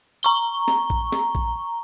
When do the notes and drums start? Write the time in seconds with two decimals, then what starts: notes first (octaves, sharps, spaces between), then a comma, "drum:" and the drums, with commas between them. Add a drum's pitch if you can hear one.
0.23 A#5 C#6 G7
0.68 drum: snare
0.90 drum: kick A#1
1.12 drum: snare
1.35 drum: kick A#1